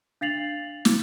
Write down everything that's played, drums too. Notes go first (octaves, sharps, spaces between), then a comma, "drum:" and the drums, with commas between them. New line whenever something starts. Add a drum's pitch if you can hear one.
D4 F5 A6 C7 F7 F#7
drum: snare